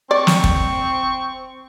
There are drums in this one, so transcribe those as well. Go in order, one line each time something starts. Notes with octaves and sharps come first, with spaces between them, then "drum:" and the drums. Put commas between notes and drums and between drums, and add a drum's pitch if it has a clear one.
C4 D5 C#6
drum: snare
drum: kick